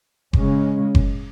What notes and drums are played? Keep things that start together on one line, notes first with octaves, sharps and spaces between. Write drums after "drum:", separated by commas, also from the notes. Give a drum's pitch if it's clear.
C#3 G#3 C#4, drum: kick F#1
drum: kick F#1